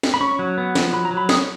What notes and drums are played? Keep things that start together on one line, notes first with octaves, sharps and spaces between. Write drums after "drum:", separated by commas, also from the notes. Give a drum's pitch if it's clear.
drum: snare
B5
C#4 C#6
F#3
B3
F3, drum: snare
F#3 B5
A#5
F#3
B5
C#4 D#6, drum: snare